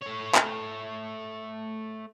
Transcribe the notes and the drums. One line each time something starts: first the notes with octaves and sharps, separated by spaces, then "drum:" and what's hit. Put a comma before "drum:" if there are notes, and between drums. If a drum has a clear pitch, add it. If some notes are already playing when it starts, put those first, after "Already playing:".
A3 C#5
drum: clap